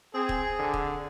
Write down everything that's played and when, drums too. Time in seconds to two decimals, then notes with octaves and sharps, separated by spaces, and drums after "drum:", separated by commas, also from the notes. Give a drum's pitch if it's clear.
0.14 C4 G#4
0.29 drum: kick
0.59 D3
0.74 drum: kick